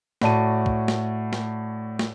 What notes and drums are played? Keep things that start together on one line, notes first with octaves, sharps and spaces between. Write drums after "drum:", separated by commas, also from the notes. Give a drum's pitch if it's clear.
A2 F#4 D5 A5 D#7, drum: snare
drum: kick
drum: snare
drum: snare
drum: snare